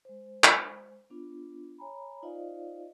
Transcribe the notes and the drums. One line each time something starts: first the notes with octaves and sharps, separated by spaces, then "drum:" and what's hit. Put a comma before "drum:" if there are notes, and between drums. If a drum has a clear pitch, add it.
G#3 C5
drum: clap
B3 D4 F4
C#5 G#5 A#5 B5
D#4 F4 C5 D5 D#5 F5